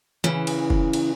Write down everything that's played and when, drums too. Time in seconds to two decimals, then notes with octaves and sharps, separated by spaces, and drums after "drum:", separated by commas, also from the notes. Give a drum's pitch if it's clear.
0.24 C#3 E3, drum: tom E3
0.47 drum: cymbal
0.70 drum: kick
0.93 drum: cymbal